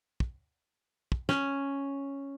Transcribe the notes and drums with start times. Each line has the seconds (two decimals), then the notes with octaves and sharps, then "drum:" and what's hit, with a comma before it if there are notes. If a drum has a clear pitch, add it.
0.20 drum: kick
1.12 drum: kick
1.29 C#4, drum: snare